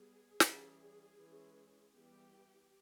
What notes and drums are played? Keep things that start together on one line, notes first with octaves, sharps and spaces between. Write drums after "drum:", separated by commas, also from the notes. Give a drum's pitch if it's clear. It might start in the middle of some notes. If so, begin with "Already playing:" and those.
Already playing: G3 B3 G#4
E3 G3 C#4, drum: snare
E3 G#3 C#4
E3 G3 B3 G4